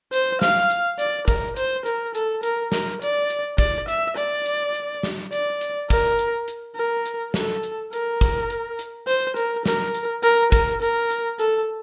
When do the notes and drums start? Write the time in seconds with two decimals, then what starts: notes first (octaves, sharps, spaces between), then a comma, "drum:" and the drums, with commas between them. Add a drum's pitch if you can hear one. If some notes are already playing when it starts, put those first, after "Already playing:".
0.13 C5, drum: hi-hat
0.42 F5, drum: snare
0.70 drum: hi-hat
0.99 D5, drum: hi-hat
1.28 A#4, drum: kick, hi-hat
1.56 C5, drum: hi-hat
1.86 A#4, drum: hi-hat
2.15 A4, drum: hi-hat
2.43 A#4, drum: hi-hat
2.72 A#4, drum: snare
3.02 D5, drum: hi-hat
3.30 drum: hi-hat
3.58 D5, drum: kick, hi-hat
3.88 E5, drum: hi-hat
4.17 D5, drum: hi-hat
4.46 drum: hi-hat
4.74 drum: hi-hat
5.03 drum: snare
5.32 D5, drum: hi-hat
5.61 drum: hi-hat
5.90 A#4, drum: kick, hi-hat
6.19 drum: hi-hat
6.48 drum: hi-hat
6.76 A#4
7.06 drum: hi-hat
7.34 A4, drum: snare
7.63 drum: hi-hat
7.93 A#4, drum: hi-hat
8.21 drum: kick, hi-hat
8.50 drum: hi-hat
8.79 drum: hi-hat
9.07 C5, drum: hi-hat
9.37 A#4, drum: hi-hat
9.66 A#4, drum: snare
9.95 drum: hi-hat
10.23 A#4, drum: hi-hat
10.52 A#4, drum: kick, hi-hat
10.82 A#4, drum: hi-hat
11.10 drum: hi-hat
11.39 A4, drum: hi-hat